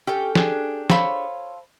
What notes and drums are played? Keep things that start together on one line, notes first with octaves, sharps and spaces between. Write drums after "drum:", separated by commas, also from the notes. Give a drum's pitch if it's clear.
C#4 G4 A4 G5
D4 G4 G#4, drum: snare
F4 A4 C5 C#5 B5, drum: snare